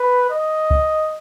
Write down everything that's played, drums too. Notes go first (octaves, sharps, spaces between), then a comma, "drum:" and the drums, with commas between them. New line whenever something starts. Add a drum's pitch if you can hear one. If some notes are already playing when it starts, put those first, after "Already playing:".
Already playing: B4
D#5
drum: kick C2